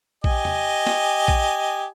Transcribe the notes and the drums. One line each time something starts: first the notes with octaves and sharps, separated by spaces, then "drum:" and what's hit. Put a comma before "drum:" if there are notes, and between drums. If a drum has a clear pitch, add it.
G4 D#5 G#5, drum: kick A#1
drum: tom E2
drum: snare
drum: kick A#1